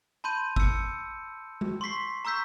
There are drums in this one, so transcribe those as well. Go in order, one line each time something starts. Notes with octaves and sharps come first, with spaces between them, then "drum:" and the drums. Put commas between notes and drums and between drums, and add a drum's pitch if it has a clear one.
A5 B5 C6 G6 D#7
E6 C#7, drum: kick G1
drum: tom G#3
C6 C#6 B6 C7
A#5 C#6 E6 G6 B6